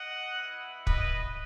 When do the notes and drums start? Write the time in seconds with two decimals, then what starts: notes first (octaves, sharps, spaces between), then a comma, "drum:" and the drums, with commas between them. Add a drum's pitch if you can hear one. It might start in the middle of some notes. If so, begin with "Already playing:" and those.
Already playing: D#5 F#5
0.36 B3 E4
0.87 B4 D#5, drum: kick